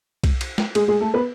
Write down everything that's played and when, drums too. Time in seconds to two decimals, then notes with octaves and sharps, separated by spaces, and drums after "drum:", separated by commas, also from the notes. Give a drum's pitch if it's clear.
0.24 drum: kick B1, cymbal
0.41 drum: cymbal
0.58 drum: snare
0.75 G#3 G#4, drum: cymbal
0.88 G#3 G#4
1.01 A3 A4
1.14 B3 B4